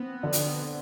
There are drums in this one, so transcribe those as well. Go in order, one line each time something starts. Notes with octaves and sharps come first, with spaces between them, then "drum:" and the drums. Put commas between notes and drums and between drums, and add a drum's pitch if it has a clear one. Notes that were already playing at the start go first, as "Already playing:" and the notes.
Already playing: B3 C4
D3 D4
drum: hi-hat